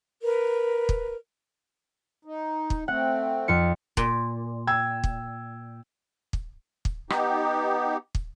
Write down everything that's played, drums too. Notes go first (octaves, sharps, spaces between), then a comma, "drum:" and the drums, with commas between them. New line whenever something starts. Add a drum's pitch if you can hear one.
A#4 B4
drum: kick
D#4
drum: kick
A3 C4 F#5
F2 F4 C#7
A#2, drum: kick
G5 E6 G#6
drum: kick
drum: kick
drum: kick
B3 D#4 G4, drum: rim click
drum: kick